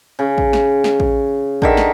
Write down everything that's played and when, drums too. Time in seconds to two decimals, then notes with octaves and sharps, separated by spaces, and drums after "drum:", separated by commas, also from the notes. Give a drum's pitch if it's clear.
0.19 C#3
0.38 drum: kick A1
0.53 drum: snare
0.84 drum: snare
1.00 drum: kick A1
1.62 D3 D#3 E5, drum: kick A1
1.77 drum: snare